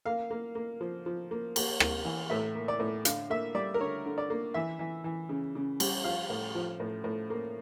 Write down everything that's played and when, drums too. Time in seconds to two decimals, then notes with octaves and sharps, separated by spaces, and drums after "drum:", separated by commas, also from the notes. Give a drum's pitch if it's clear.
0.06 A#3 F5
0.31 A#3
0.55 A#3
0.81 F3
1.06 F3
1.31 A#3
1.56 A#3, drum: cymbal
1.80 A#3, drum: rim click
2.05 E3
2.30 A2 E5
2.55 A#3
2.68 D5
2.80 A2
3.05 D3 F5, drum: hi-hat
3.30 A#3 E5
3.55 G3 D5
3.74 A#4
3.80 D3 C#5
4.06 D3
4.18 D5
4.30 A#3
4.54 E3 E5
4.79 E3
5.04 E3
5.29 C#3
5.55 C#3
5.80 G3, drum: cymbal
6.04 F3 F5
6.30 A2
6.55 F3
6.80 A2
7.04 A2
7.30 A#3